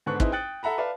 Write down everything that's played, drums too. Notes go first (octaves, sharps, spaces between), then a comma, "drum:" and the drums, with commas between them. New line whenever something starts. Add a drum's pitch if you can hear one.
G#2 D3 B3 D4 C#6 F#6
C4 D#4 E4 G#4 B4, drum: kick
G5 D#6 F#6 A6 C#7 F#7
A4 E5 F#5 A#5 B5
B4 D5 E5 F5 A5